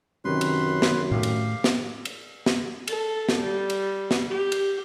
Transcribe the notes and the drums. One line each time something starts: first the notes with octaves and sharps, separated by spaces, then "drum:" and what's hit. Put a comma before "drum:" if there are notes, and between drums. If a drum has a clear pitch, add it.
F#2 C3 D#3 C#4 B4 C6
drum: cymbal
drum: snare
A2 A3 G4 F5
drum: cymbal
drum: snare
drum: cymbal
drum: snare
A4, drum: cymbal
drum: snare
G3
drum: cymbal
drum: snare
G4
drum: cymbal